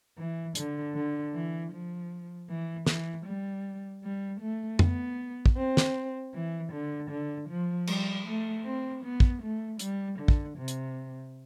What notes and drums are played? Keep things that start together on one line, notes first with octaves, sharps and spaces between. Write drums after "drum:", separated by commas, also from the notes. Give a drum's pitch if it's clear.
E3
D3, drum: hi-hat
D3
E3
F3
E3
E3, drum: snare
G3
G3
A3
B3, drum: tom F2
drum: kick
C4
drum: snare
E3
D3
D3
F3
G3, drum: cymbal
A3
C4
B3
drum: kick
A3
G3, drum: hi-hat
D3
drum: kick
C3
drum: hi-hat